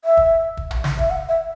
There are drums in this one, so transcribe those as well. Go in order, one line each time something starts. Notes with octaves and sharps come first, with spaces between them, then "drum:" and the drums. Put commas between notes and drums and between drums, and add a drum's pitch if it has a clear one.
E5
drum: kick
drum: kick
drum: tom A#1
drum: snare
E5, drum: kick
F#5
E5